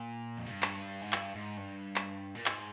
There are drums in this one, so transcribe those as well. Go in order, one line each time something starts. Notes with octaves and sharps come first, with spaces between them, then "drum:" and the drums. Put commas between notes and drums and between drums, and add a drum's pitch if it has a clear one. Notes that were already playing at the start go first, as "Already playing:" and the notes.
Already playing: A#2
F2
G2
drum: clap
G#2
G2, drum: clap
G#2
G2
drum: clap
A#2
G#2, drum: clap